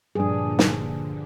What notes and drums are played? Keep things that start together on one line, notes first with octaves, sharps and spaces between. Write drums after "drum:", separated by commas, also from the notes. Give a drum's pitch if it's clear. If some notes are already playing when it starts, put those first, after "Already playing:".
G2 A#2 D3 F3 D4 G#4 D5
drum: snare